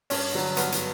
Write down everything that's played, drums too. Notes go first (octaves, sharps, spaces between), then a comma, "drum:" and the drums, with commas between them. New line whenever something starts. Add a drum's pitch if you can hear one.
G2 C#4, drum: open hi-hat
D3 F#3
G2 B3, drum: hi-hat
drum: hi-hat